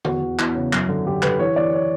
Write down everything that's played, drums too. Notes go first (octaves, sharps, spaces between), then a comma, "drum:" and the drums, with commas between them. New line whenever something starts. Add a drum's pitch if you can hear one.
E2 F#4, drum: tom D3
E2
E2 E4, drum: clap
C#3
F#2, drum: clap
D3
D3 G4
D3 B4, drum: clap
E3 C#5
E3 D5
C#5